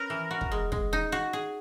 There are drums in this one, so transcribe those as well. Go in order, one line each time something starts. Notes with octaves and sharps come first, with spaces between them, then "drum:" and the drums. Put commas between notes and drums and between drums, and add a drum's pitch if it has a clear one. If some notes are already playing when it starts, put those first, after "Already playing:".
Already playing: C#4 A#4 B4
E3
F#4
drum: kick
G#3
G#3, drum: kick
D#4
F#4
G#4